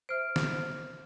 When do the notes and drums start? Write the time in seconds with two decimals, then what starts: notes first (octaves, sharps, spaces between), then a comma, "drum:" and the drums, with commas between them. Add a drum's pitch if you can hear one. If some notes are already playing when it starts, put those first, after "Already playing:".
0.09 C5 E5 F6 D7
0.36 drum: snare